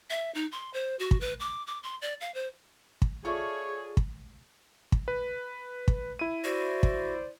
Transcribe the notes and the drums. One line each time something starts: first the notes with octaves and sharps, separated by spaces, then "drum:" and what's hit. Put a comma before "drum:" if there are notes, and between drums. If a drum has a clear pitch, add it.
E5
D#4
C6
C5
F#4
drum: kick
B4
D6
D6
C6
D5
F5
C5
drum: kick
F4 G#4 A4 C#5 D5 E5 C#6
drum: kick
drum: kick
B4
drum: kick
E4 D#7
F#4 C5 D5
drum: kick